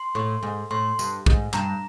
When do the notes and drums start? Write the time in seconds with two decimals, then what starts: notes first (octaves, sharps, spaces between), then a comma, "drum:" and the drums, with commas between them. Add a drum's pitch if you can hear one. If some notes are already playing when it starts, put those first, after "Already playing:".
Already playing: C6
0.15 A2
0.43 G#2
0.71 A2 C6
0.99 G2, drum: tambourine
1.26 G#2, drum: kick
1.53 G2 A#5, drum: clap